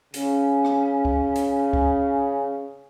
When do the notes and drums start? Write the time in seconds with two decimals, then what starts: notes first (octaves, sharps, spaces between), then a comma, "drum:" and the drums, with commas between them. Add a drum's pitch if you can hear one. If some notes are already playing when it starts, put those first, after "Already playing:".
0.14 C#3 C#4, drum: hi-hat
0.65 drum: rim click
1.05 drum: kick C#2
1.36 drum: hi-hat
1.73 drum: kick C#2